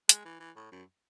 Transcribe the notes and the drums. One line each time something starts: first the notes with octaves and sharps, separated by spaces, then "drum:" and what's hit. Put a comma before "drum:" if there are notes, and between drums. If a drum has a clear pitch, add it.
G#3, drum: hi-hat
E3
E3
A2
F#2